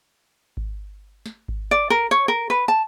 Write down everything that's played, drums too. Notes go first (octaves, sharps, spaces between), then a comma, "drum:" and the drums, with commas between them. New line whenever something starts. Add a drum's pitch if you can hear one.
drum: kick G#1
drum: snare
drum: kick G#1
D5
A#4
C#5
A#4
B4
A5